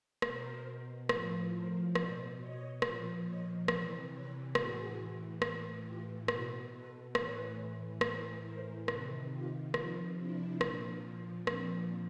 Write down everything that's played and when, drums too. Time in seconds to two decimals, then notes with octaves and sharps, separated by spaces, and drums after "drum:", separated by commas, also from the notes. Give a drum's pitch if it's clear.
0.22 B2 A#4 C5, drum: rim click
1.09 A2 F3, drum: rim click
1.53 A#4 C5
1.95 B2 C5 D5, drum: rim click
2.39 C#5 D#5
2.82 A#2 F3, drum: rim click
3.25 C#5 D#5
3.68 C3 E3 C5 D5, drum: rim click
4.12 B4 C#5
4.55 A2 E3 F#4 G#4, drum: rim click
5.42 A2 E3, drum: rim click
5.85 F4 G4
6.28 B2 E4 F#4, drum: rim click
6.72 A4 B4
7.15 A2 E3 B4 C#5, drum: rim click
8.01 A2 E3 A#4 C5, drum: rim click
8.44 A#4 C5
8.88 C3 D#3 A4 B4, drum: rim click
9.31 F4 G4
9.74 C3 F3 D#4 F4, drum: rim click
10.18 D4 E4
10.61 A#2 F3, drum: rim click
11.47 A#2 F3 C4 D4, drum: rim click